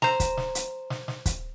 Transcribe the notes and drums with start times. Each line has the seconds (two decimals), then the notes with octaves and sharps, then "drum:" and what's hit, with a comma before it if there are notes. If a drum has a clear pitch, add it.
0.02 C5 A#5, drum: snare
0.20 drum: kick, hi-hat
0.37 drum: snare
0.55 drum: hi-hat
0.90 drum: snare
1.08 drum: snare
1.26 drum: kick, hi-hat